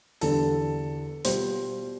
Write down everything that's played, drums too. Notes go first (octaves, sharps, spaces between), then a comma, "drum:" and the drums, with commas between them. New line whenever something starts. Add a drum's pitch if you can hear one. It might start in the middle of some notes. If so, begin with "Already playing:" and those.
E2 D3 G3 B3 D4 A4, drum: open hi-hat
B2 G3 B3 F4 C5, drum: hi-hat